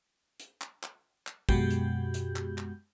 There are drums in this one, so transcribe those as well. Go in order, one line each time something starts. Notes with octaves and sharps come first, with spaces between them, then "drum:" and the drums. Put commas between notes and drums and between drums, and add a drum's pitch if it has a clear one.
drum: hi-hat
drum: clap
drum: clap
drum: clap
F#2 B2 G#3 F#4 G4 G6, drum: kick
drum: hi-hat
drum: hi-hat
drum: clap
drum: clap